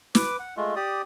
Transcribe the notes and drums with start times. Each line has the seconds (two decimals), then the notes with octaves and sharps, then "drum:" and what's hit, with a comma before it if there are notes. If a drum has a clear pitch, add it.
0.15 B4 D6, drum: snare
0.39 F#5
0.57 G#3 A3 F4
0.76 G4 D5 D#6